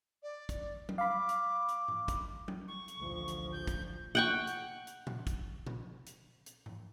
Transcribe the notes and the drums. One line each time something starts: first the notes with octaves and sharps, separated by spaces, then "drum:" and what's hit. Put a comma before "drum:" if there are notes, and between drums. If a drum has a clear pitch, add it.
D5
drum: kick, hi-hat
drum: tom
F5 B5 D6
drum: hi-hat
drum: hi-hat
drum: tom G#2
drum: kick, hi-hat
drum: tom
C#6
drum: hi-hat
A1 D2 F3
drum: hi-hat
G6
drum: kick, hi-hat
F#5 G5 C#6
drum: hi-hat
drum: hi-hat
drum: tom A#2
drum: kick, hi-hat
drum: tom A#2
drum: hi-hat
drum: hi-hat
drum: tom G#2